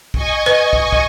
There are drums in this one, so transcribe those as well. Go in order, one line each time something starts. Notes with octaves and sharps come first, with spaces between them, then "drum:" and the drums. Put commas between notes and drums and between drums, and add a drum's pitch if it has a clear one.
D#5 G#5 C#6, drum: kick
B4
drum: kick
drum: kick